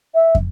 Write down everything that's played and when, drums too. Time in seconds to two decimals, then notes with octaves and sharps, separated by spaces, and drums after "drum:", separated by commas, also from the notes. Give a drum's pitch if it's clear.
0.15 E5
0.35 drum: kick